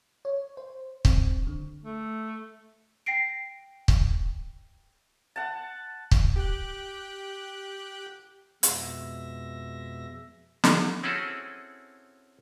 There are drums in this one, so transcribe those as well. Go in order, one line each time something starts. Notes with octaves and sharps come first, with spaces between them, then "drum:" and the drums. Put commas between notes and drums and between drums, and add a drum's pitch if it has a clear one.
C#5
C5
C4, drum: kick
D3
A3
G5 A#6 C7 D7
drum: kick
F#5 A5
drum: kick
G4 G5 F#6
F2 B2 G#3 E5 A#6, drum: hi-hat
drum: snare
C4 C#4 E4 F#4 G#4 A4